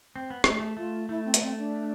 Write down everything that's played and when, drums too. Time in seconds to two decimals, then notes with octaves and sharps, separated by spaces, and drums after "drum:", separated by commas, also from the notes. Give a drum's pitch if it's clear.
0.16 C4
0.30 B3
0.44 A3 G#4, drum: rim click
0.60 A3
0.77 A3 F4
1.09 A3 E4
1.25 C4
1.34 B3, drum: hi-hat
1.42 A3 C4
1.58 D4